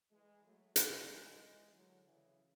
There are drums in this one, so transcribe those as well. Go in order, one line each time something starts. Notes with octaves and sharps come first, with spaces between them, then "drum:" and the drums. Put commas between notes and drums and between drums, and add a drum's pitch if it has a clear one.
E3 G#3
F#3 A3
F#3 A3, drum: hi-hat
E3 G#3
D3 F#3
C#3 E3